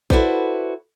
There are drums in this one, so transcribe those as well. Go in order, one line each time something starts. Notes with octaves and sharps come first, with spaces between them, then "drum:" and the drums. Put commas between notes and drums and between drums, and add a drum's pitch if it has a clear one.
E4 F#4 A4 B4 C5 D5, drum: kick A#1